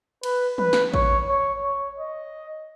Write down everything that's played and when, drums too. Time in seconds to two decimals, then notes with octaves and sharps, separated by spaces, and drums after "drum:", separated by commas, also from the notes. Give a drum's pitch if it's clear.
0.23 B4, drum: cymbal
0.58 B4, drum: tom
0.73 drum: snare
0.94 C#5, drum: kick A1
1.28 C#5
1.64 C#5
1.99 D#5